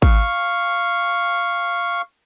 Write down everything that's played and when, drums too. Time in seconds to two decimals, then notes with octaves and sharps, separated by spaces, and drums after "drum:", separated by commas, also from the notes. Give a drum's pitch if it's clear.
0.02 F5 C#6, drum: kick G#1